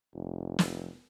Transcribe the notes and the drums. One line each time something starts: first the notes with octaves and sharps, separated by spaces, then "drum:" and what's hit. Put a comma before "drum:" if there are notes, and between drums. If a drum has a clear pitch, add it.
F1
drum: snare